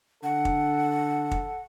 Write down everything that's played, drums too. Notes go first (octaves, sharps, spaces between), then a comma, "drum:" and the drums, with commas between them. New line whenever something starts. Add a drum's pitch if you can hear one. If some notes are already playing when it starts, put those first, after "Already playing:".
D3 A4 F#5
drum: kick
drum: kick